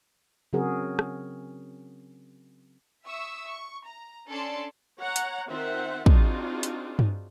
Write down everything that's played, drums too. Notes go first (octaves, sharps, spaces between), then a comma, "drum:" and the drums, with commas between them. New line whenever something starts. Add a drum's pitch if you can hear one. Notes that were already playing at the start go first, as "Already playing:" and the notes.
C#3 F#3 C4 F#4 G#4 A#4
drum: rim click
E5 C#6 D#6 E6
C#6
A#5
C#4 D4 A4 D5 A5 C6
C#5 F#5 A#5
drum: hi-hat
D#3 C4 F4 C5 E5 F#5
C4 D4 D#4 F4 F#4 G#4, drum: kick
drum: hi-hat
drum: tom G2